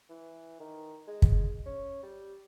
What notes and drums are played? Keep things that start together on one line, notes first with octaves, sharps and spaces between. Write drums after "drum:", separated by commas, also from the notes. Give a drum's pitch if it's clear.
E3
D#3
G#3
drum: kick
C#4
G3